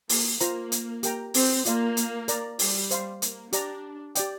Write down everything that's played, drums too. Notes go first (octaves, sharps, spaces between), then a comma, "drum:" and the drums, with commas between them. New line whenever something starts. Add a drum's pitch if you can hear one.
A#3, drum: open hi-hat
A#3 F4 C5 A#5, drum: hi-hat
drum: hi-hat
G4 A#4 G5 A#5, drum: hi-hat
C4, drum: open hi-hat
A#3 F4 D5 F5 C6, drum: hi-hat
drum: hi-hat
A#4 D5 A#5, drum: hi-hat
G3, drum: open hi-hat
C5 F5 C6, drum: hi-hat
A#3, drum: hi-hat
D4 G4 D5 A#5, drum: hi-hat
G4 D5 G5, drum: hi-hat